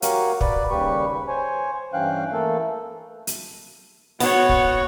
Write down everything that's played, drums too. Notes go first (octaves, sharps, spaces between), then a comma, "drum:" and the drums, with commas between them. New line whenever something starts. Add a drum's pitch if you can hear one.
F#4 G4 A#4 C#5 F5 F#5, drum: hi-hat
B4 D5, drum: kick
D#2 C#3 G3 G4 B4 C#6
C5 C#5 G#5
G2 E3 C#4 F5 G5 F#6
E3 A3 A#3 A4
drum: hi-hat
B3 F#4 C#5, drum: open hi-hat
drum: kick